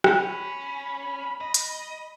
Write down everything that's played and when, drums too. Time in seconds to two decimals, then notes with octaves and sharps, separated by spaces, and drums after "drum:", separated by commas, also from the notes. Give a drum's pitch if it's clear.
0.04 drum: rim click
0.17 C#4 B5
1.41 D#5
1.54 drum: hi-hat